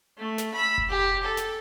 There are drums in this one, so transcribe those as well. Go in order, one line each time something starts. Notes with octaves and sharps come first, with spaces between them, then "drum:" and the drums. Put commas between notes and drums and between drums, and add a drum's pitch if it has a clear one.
A3
drum: snare
B5 E6
drum: kick F1
G4
A4
drum: snare